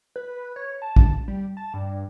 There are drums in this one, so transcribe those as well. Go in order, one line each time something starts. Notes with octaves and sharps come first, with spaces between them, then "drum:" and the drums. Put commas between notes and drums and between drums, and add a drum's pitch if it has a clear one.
B4
C#5
A5
drum: kick A#1
G3
A5
G2